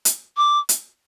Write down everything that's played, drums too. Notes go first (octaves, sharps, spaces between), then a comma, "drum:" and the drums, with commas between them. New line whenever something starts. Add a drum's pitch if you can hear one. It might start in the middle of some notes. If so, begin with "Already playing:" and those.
drum: hi-hat
D6
drum: hi-hat